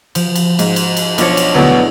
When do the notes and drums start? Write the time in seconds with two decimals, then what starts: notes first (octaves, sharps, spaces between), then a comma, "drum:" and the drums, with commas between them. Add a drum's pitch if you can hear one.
0.15 F3, drum: cymbal
0.36 drum: cymbal
0.59 G#2, drum: cymbal
0.76 drum: cymbal
0.97 drum: cymbal
1.18 B1 F3 D4 F4 C#5, drum: cymbal
1.37 drum: cymbal
1.54 D2 B2 D3 F#3 G#3 B3 E4